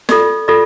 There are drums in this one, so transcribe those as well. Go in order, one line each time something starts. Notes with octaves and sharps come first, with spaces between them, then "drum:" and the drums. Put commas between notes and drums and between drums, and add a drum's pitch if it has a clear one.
F4 A4 D5, drum: snare
F4 A4 D5